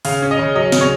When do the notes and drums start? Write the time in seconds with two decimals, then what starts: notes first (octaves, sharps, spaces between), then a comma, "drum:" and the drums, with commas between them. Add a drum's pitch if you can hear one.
0.05 C#3 F5, drum: open hi-hat
0.22 C#4
0.31 D#5
0.39 C#3
0.55 F#3 D#5
0.72 C#3, drum: snare
0.81 C#5